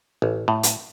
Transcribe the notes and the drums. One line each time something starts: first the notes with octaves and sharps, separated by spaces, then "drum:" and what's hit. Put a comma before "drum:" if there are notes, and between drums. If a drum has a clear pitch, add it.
A1
A2
drum: hi-hat